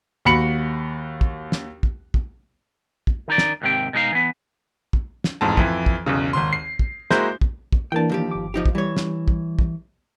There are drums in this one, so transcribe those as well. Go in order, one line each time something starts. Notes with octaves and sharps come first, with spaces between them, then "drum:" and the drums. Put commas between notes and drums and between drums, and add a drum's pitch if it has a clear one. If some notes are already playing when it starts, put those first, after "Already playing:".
D#2 F#4 B5 C#7 F#7
drum: kick
drum: snare
drum: kick
drum: kick
drum: kick
D#3 D#4 D5
drum: snare
D#2 G#2 C3 C4 G5
B2 G#3 D#4 F5
E3 B3
drum: kick
drum: snare
A1 F2 G#2 A5
F2 E3, drum: kick
drum: kick
B1 E2 C#3
G#1 D#2 C6
C7
drum: kick
G#3 A#3 E4 F#4 C5 G6, drum: snare
drum: kick
drum: kick
E3 A#3 D4 G5 A5
D#2 F3 G4
G1 D6
F3 D#4 G4
drum: kick
E3 G3 C#5
drum: snare
drum: kick
drum: kick